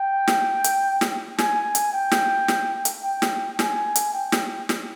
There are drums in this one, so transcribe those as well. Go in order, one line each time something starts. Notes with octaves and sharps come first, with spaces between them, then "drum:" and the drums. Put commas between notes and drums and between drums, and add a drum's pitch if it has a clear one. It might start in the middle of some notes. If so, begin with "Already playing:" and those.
Already playing: G5
drum: snare
drum: hi-hat
drum: snare
G#5, drum: snare
drum: hi-hat
G5
drum: snare
drum: snare
drum: hi-hat
G5
drum: snare
G#5, drum: snare
drum: hi-hat
G5
drum: snare
drum: snare